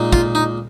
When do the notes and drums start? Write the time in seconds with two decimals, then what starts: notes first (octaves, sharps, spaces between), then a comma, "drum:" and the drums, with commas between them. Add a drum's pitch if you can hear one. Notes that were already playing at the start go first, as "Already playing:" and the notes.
Already playing: A#2 G#3 D#4
0.13 F4, drum: kick
0.35 D#4